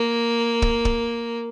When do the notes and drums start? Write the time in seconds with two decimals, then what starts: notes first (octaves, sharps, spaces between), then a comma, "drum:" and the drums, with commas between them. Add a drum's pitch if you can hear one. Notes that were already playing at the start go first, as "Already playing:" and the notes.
Already playing: A#3
0.62 drum: kick
0.85 drum: kick